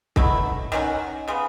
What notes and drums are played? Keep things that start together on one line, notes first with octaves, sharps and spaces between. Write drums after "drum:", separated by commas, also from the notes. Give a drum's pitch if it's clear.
B2 F#3 A3 E4, drum: kick
D#3 F#3 C#4 F#4
C#3 G#3 B3